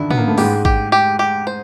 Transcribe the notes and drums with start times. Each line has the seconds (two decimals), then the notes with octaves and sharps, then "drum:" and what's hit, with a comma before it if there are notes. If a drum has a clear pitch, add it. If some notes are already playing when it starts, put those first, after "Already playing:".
Already playing: D3 D#3 D4 E4
0.11 B3, drum: tom
0.17 A#3
0.28 A3
0.38 G#2 G#3 G4, drum: open hi-hat
0.65 G4, drum: kick A1
0.92 G4
1.19 G4
1.47 C5